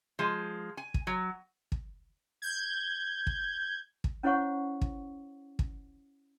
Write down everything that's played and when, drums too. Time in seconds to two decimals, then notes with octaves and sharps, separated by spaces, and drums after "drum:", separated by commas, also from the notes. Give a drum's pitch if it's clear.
0.19 F3 G#3
0.77 G#5
0.94 drum: kick
1.07 F#3
1.72 drum: kick
2.42 G6 G#6
3.27 drum: kick
4.04 drum: kick
4.23 C#4 E4 C5 C#5 F#5 C#6
4.81 drum: kick
5.59 drum: kick